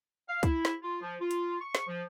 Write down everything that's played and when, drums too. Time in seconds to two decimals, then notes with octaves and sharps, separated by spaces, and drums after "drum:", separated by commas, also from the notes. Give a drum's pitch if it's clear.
0.29 F5
0.43 E4, drum: kick, hi-hat
0.65 drum: snare
0.82 F4
1.01 F3
1.20 F4
1.31 drum: hi-hat
1.61 C#6
1.75 drum: snare
1.87 F3